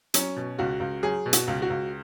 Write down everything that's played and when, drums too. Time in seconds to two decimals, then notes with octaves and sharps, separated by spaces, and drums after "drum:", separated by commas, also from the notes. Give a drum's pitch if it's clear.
0.14 F#3 C#4, drum: hi-hat
0.36 B2
0.58 C#2 F#4
0.80 C#2
1.03 F#3 G#4
1.26 B2
1.33 F#4, drum: hi-hat
1.47 C#2
1.62 F#4
1.70 C#2